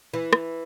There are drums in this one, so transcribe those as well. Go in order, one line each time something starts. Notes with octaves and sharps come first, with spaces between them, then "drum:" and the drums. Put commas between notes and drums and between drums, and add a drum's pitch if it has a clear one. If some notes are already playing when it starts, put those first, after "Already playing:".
E3
drum: rim click